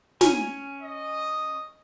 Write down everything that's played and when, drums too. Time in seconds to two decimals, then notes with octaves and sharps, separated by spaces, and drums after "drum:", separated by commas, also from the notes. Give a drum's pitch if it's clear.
0.21 C#4 G#5, drum: snare
0.82 D#5